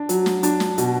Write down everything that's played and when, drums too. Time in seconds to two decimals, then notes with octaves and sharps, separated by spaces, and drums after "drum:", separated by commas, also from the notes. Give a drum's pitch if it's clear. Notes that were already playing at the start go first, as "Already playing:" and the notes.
Already playing: D4
0.09 F#3, drum: hi-hat
0.26 drum: snare
0.43 D4, drum: hi-hat
0.60 drum: snare
0.78 B2, drum: hi-hat